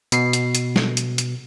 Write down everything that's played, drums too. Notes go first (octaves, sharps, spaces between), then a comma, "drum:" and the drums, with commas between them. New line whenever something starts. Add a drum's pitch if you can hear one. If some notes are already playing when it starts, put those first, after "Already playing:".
B2 C7, drum: hi-hat
drum: hi-hat
drum: hi-hat
drum: snare
drum: hi-hat
drum: hi-hat